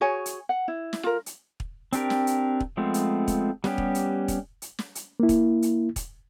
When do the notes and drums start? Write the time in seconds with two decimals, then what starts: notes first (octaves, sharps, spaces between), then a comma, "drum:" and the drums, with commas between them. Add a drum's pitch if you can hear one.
0.01 F#4 G#4 C#5 G#5
0.26 drum: hi-hat
0.49 F#5
0.68 E4
0.93 drum: snare
1.04 F4 A#4
1.26 drum: hi-hat
1.60 drum: kick
1.93 C4 D4 G4 A#4, drum: hi-hat
2.10 drum: snare
2.27 drum: hi-hat
2.60 drum: kick
2.77 F3 G#3 A3 B3 C4
2.94 drum: hi-hat
3.28 drum: kick, hi-hat
3.64 G3 B3 C#4 G4, drum: snare
3.78 drum: kick
3.95 drum: hi-hat
4.28 drum: kick, hi-hat
4.62 drum: hi-hat
4.79 drum: snare
4.95 drum: hi-hat
5.20 A#3 E4
5.29 drum: kick, hi-hat
5.62 drum: hi-hat
5.96 drum: kick, hi-hat